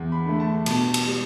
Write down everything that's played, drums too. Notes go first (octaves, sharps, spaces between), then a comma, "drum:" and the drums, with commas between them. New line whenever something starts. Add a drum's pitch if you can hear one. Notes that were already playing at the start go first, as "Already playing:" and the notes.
Already playing: E2
B5
D3 A3
A5
B2 A5, drum: cymbal
drum: cymbal
G3